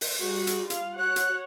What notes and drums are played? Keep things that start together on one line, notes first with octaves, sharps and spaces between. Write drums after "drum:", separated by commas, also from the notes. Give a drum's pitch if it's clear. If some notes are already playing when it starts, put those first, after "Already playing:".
drum: open hi-hat
G3 F#4 G#4
drum: hi-hat
F4 F5, drum: hi-hat
F#4 C#5 F#5 F#6
drum: hi-hat